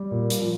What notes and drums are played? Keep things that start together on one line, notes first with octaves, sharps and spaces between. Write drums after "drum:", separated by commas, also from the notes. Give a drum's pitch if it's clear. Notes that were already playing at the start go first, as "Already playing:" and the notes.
Already playing: G3
A#2
F4, drum: hi-hat
F3